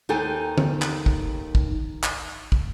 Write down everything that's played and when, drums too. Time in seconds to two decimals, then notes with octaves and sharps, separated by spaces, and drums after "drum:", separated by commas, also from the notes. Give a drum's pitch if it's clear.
0.09 D#2 D#4 G4 A4 G#5
0.58 drum: tom D3
0.82 drum: clap
1.06 drum: kick
1.55 drum: kick
2.03 drum: clap
2.52 drum: kick